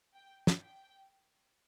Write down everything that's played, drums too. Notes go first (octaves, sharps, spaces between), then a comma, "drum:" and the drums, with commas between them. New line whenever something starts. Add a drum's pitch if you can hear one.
G5
drum: snare
G5